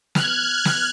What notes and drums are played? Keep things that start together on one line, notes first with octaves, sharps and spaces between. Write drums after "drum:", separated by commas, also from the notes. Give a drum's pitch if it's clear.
F6 F#6 G#6, drum: snare
drum: snare